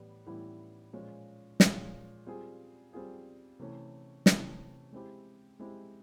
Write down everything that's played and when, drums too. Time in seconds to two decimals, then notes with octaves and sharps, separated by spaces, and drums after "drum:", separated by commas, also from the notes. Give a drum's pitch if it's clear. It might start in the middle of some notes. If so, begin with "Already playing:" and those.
Already playing: A2 E3 G3 B3
0.26 A2 E3 G3 B3 E4
0.93 A#2 F3 G#3 C#4
1.60 A#2 F3 G#3 C#4, drum: snare
2.27 G3 C4 F4 G#4
2.93 G3 C4 F4 G#4
3.59 C3 E3 A3 C#4
4.26 C3 E3 A3 C#4, drum: snare
4.93 G#3 C4 E4 G4
5.60 G#3 C4 E4 G4